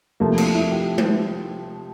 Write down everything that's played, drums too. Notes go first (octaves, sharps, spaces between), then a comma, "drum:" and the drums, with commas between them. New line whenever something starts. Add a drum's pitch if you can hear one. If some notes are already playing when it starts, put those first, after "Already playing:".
C3 F3 A3 A#3
D4, drum: cymbal
E4
G4
drum: tom G#3